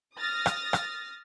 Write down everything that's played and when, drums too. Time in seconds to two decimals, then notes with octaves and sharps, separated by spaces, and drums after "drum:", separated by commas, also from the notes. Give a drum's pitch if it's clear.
0.18 D#6 F6 A6 A#6
0.46 drum: rim click
0.73 drum: rim click